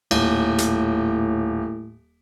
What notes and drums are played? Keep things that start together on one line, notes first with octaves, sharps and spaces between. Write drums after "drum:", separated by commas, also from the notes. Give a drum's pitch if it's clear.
D#1 A2, drum: cymbal
drum: hi-hat